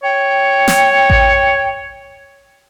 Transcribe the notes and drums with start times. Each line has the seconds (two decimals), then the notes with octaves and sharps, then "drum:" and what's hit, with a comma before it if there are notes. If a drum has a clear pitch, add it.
0.03 C#5 G5
0.68 drum: snare
1.10 drum: kick A1